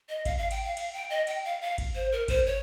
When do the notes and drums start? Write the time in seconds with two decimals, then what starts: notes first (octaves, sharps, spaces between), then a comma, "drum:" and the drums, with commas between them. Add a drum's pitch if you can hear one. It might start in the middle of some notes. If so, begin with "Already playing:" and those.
0.09 D#5
0.25 F5, drum: kick G#1, cymbal
0.38 F5
0.51 G5, drum: cymbal
0.64 F5
0.77 F5, drum: cymbal
0.93 G5
1.10 D#5
1.27 G5, drum: cymbal
1.45 F5
1.62 F5
1.78 drum: kick G#1, cymbal
1.95 C5
2.12 A#4
2.28 C5, drum: kick G#1, cymbal
2.46 C#5